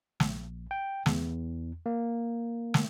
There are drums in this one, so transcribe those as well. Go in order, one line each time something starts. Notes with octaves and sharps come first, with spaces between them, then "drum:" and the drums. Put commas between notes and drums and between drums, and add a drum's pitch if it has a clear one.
A#1, drum: snare
G5
E2, drum: snare
A#3
drum: snare